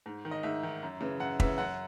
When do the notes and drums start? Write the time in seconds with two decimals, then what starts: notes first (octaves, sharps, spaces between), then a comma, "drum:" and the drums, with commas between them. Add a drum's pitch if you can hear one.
0.06 G#2
0.25 D#3
0.31 D#5
0.43 G#2 E5
0.63 D#3
0.83 F#2
1.01 C#3 E3
1.20 F#2 F#5
1.40 C#3 E3 E5, drum: kick
1.58 F#2 F#5